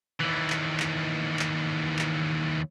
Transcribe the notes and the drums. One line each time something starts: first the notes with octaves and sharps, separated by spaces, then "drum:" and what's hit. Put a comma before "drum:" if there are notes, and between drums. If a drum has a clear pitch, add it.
D#2 E3
drum: clap
drum: clap
drum: clap
drum: clap